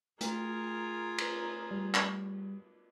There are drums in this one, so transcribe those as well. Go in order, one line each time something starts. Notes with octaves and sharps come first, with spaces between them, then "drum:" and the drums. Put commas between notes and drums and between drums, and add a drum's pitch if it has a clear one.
A3 F4 G#4 A#4, drum: hi-hat
drum: cymbal
G3
drum: clap